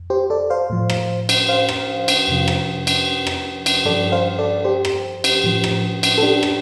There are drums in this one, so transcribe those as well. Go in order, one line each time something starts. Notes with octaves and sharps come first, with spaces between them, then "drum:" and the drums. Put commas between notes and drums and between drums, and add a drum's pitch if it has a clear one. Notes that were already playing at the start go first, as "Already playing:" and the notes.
Already playing: F2
G4 C5
A4 D5
C5 F5
A2 F3
drum: rim click
drum: cymbal
C5 F5
drum: rim click
drum: cymbal
F2 C3 F3
drum: rim click
drum: cymbal
drum: rim click
drum: cymbal
G2 F3 A4 D5
C5 F5
A4 D5
G4 C5
drum: rim click
drum: cymbal
A2 F3
drum: rim click
drum: cymbal
A4
D4 G4
drum: rim click